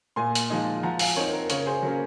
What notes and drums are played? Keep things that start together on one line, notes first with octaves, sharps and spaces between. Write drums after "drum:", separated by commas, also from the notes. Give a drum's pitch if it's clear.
A#2 G#5 C6
drum: hi-hat
F3 G#3 D#4
F3 F#5 A#5
F5 G#5, drum: open hi-hat
C4 D#4 A#4 C#5
A#4
C#3 A#4 C#5, drum: hi-hat
G#4 C5
F#3 A#3 C#4